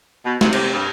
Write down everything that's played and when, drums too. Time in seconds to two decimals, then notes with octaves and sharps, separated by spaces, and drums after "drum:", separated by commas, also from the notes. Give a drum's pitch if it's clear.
0.25 B2
0.41 C3, drum: snare
0.53 C3, drum: cymbal
0.73 G2